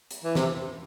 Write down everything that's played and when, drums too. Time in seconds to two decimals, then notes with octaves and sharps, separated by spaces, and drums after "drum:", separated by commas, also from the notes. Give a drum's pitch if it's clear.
0.11 drum: hi-hat
0.24 E3
0.35 C3, drum: snare